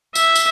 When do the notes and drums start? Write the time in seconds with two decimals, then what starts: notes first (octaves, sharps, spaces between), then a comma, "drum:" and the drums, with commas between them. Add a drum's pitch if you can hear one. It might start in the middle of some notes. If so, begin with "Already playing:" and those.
0.15 E5, drum: tambourine
0.35 drum: tambourine